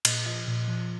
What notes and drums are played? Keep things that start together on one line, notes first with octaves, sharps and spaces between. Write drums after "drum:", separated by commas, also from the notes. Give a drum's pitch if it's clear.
A#2 D#5, drum: cymbal
F3 D#5
A#2
F3